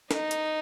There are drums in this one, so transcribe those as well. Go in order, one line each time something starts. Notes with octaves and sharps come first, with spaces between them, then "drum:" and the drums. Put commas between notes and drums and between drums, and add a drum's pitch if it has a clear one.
D#4, drum: snare
drum: hi-hat